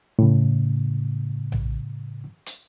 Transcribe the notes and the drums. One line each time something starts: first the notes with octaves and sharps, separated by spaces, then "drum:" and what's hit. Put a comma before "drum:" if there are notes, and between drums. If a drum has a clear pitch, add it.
A2 C#3
drum: tom A#1
drum: hi-hat